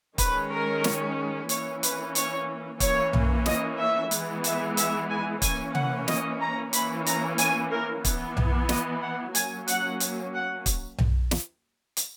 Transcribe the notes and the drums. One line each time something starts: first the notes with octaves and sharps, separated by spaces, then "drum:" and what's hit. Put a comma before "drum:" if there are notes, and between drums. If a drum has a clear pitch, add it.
D#3 G#3 C#4 B4, drum: kick, hi-hat
A#4
drum: snare
E3 A#3 C#4 C#5, drum: hi-hat
B4, drum: hi-hat
C#5, drum: hi-hat
E3 A#3 C#4 C#5, drum: kick, hi-hat
drum: tom B1
D#5, drum: snare
E5
E3 G#3 B3, drum: hi-hat
E5, drum: hi-hat
E5, drum: hi-hat
G#5
E3 A#3 C#4 G#5, drum: kick, hi-hat
F#5, drum: tom C3
D#5, drum: snare
A#5
E3 A#3 C#4 B5, drum: hi-hat
A#5, drum: hi-hat
G#5, drum: hi-hat
A#4
E3 B3, drum: kick, hi-hat
drum: tom B1
D#5, drum: snare
F#5
F#3 A#3 C#4 G#5, drum: hi-hat
F#5, drum: hi-hat
drum: hi-hat
F#5
drum: kick, hi-hat
drum: tom B1
drum: snare
drum: hi-hat